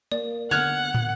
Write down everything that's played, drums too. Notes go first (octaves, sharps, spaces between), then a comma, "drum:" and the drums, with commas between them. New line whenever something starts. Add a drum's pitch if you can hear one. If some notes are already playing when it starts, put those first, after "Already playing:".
A#3 D5
D3 B3 F#5 F6 F#6 G#6 F7
drum: tom